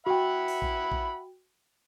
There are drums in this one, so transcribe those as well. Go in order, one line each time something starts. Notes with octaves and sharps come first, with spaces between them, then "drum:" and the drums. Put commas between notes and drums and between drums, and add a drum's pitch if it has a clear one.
F#4 E5 F#5 G5 B5
drum: open hi-hat
drum: kick
drum: kick